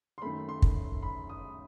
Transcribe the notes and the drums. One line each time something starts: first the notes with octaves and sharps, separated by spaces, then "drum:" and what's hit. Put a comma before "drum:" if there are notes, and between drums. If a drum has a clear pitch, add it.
C6
F#2 D#3 A3 B5
C6
drum: kick
B5
D#6